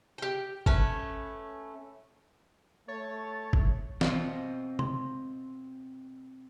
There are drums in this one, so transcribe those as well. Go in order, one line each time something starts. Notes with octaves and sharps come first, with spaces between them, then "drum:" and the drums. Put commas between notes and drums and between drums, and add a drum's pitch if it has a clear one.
G4 G5
A3 C#4 B4, drum: kick G1
A3 C#5 A6
drum: kick G1
B2 C4 F4 C5 D#5, drum: snare
C6, drum: tom